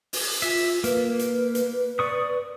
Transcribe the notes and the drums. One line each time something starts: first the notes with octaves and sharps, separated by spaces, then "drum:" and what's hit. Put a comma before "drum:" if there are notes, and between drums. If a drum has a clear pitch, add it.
drum: open hi-hat
F4 E5
A#3 B4, drum: hi-hat
drum: hi-hat
drum: hi-hat
D5 C#6 D#6